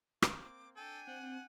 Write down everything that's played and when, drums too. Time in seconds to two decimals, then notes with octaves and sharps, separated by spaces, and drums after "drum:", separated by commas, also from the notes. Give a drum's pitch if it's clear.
0.22 A#3 C4 D6, drum: rim click
0.76 D4 A4 G5 G#5
1.07 C4 F#5